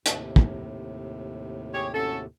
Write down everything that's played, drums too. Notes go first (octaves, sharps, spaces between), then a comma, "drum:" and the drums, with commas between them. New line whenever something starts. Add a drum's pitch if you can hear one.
D#2 A2 C3, drum: hi-hat
drum: kick
G4 G#4 C#5
C#4 F#4 A4